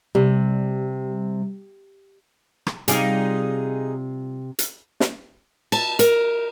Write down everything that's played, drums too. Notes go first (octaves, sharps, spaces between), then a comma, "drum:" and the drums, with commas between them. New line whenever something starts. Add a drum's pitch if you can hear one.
C3 G3
drum: rim click
C3 G3 D#4 F4 G#4 D5, drum: hi-hat
drum: hi-hat
drum: snare
A5, drum: cymbal
A#4, drum: hi-hat